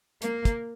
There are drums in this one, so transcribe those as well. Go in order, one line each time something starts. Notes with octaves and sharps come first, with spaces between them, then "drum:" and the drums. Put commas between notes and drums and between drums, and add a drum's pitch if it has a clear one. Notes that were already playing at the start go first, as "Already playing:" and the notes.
A#3, drum: hi-hat
drum: kick, hi-hat